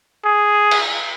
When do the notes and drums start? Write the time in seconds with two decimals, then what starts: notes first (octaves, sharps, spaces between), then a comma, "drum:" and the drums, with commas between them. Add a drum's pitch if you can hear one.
0.25 G#4
0.71 drum: cymbal